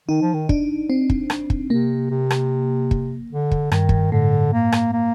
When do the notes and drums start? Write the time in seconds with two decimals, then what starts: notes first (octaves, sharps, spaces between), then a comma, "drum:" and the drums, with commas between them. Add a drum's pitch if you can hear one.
0.08 D#3 D#4
0.22 F3
0.34 D#3
0.49 D4, drum: kick
0.90 C4
1.10 drum: kick
1.30 drum: rim click
1.50 drum: kick
1.70 C3 A#3
2.10 C3
2.30 drum: rim click
2.91 drum: kick
3.32 D3
3.51 drum: kick
3.72 G2 D#3, drum: rim click
3.89 G2, drum: kick
4.12 A2 D3
4.53 A#3
4.72 drum: rim click
4.93 A#3